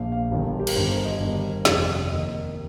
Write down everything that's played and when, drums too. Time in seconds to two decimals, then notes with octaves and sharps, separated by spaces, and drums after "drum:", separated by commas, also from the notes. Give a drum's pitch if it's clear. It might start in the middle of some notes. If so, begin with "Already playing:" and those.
Already playing: A#1 A#2 F5
0.12 F5
0.30 G1 G2 D#3
0.60 G4
0.67 A#4, drum: cymbal
0.75 G1 G2 D#3 C5
0.90 A#4
1.05 D#5
1.20 G1 G2 D#3
1.65 F1 F2 D#3, drum: snare
2.10 D#2 D#3 D#5